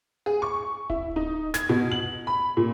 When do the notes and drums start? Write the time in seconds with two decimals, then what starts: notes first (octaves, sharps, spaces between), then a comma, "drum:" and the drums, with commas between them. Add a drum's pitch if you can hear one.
0.26 G#4
0.42 C#6
0.90 E4, drum: kick D1
1.16 D#4
1.54 G#6, drum: snare
1.69 B2
1.92 F#7
2.27 B5
2.57 A#2